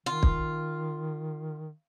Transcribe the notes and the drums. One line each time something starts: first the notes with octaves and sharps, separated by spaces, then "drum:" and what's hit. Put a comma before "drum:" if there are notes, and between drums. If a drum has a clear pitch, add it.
D#3 F4
drum: kick